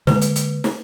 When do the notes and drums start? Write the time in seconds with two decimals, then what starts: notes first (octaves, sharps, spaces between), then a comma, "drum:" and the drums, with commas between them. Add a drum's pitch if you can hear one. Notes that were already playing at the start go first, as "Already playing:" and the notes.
0.07 D3 G#3 A#3 B4, drum: snare
0.21 drum: hi-hat
0.36 drum: hi-hat
0.64 drum: snare